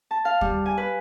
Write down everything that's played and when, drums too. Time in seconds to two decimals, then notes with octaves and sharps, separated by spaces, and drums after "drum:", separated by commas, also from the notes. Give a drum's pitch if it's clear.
0.11 A5
0.25 F5
0.41 G3, drum: kick
0.66 G#5
0.78 B4